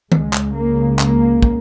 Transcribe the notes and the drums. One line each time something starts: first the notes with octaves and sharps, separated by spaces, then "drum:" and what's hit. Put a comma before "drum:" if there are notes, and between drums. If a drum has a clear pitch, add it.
C#2 C#3 G#3, drum: tom
drum: clap
A#3
A#3, drum: clap
drum: kick